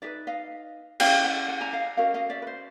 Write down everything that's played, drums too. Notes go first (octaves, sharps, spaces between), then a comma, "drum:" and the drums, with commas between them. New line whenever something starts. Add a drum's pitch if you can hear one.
D#4 G4 B4 D5 E5
D#5 F5
C#4 E4 G#4 F5 G5, drum: cymbal
F#5 G#5
F#5 G#5
G#5 A#5
D#5 F5
C#4 F#4 A#4 D#5 F5
D#5 F5
D5 E5
B4
C5